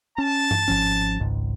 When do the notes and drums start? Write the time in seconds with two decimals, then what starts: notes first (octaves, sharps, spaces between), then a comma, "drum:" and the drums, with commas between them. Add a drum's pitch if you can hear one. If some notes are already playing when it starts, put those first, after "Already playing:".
0.18 C#4 A5
0.51 drum: tom G2
0.68 G#1 F3 C#4
1.20 G#1 C#2 G#2